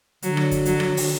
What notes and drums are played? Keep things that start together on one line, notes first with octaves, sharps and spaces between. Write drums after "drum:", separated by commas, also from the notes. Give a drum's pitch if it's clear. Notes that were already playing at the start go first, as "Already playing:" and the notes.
D3 F#3, drum: hi-hat
drum: rim click
drum: kick, hi-hat
F#3, drum: hi-hat
drum: rim click
D3, drum: open hi-hat